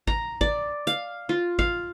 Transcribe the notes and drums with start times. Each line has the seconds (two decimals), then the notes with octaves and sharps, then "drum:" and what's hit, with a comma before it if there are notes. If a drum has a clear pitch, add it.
0.07 A#5, drum: kick G#1
0.41 D5, drum: kick G#1
0.87 F5, drum: hi-hat
1.29 F4
1.59 F5, drum: kick G#1